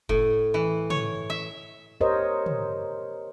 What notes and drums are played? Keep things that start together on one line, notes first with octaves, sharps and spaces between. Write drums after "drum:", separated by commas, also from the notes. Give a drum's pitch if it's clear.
A2, drum: kick F1
E3
C#5, drum: tom
E5
G4 A#4 C5 C#5 D#5
drum: tom